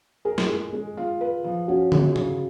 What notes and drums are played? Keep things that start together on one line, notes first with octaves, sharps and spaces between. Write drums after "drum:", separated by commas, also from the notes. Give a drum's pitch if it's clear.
G#4 A#4
drum: snare
G#3
G#3
F4
B4
F3
C#4 F#4
G#4, drum: tom D3
C#3, drum: tom C#3